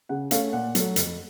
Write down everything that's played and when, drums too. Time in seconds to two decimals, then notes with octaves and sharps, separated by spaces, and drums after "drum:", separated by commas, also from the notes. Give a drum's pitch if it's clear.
0.09 C#3 F#5
0.31 A3 C#4 F5, drum: hi-hat
0.53 A#2 F#5
0.75 F#3 A3, drum: hi-hat
0.96 F2, drum: hi-hat